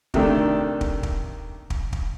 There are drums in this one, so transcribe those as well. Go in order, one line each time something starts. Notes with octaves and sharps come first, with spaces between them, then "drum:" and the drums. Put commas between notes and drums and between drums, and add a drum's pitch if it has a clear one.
C3 D#3 A3 D4, drum: kick
drum: kick
drum: kick
drum: kick
drum: kick